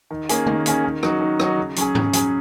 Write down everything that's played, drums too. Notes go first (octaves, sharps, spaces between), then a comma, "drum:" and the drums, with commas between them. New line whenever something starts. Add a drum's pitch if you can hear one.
D#3
A#3 C#4 G#4, drum: hi-hat
D#3, drum: tom
A#3 C#4 G#4, drum: hi-hat
D#3
F#3 D#4 F#4, drum: rim click
D#3
F#3 D#4 F#4, drum: rim click
C#3
F#3 C#4 G#4, drum: hi-hat
C#3, drum: tom G#2
F#3 C#4 G#4, drum: hi-hat